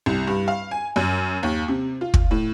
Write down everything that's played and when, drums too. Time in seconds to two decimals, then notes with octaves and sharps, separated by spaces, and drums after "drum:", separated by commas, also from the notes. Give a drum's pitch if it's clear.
0.06 C2
0.27 G2
0.48 F5
0.71 G#5
0.96 F#2
1.43 D#2
1.68 C3
2.01 F4
2.14 drum: kick
2.31 A2